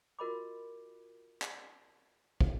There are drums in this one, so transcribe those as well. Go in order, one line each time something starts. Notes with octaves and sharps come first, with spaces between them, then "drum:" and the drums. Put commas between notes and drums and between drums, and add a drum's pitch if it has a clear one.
F4 F#4 A#4 D#5 B5 D6
drum: clap
drum: kick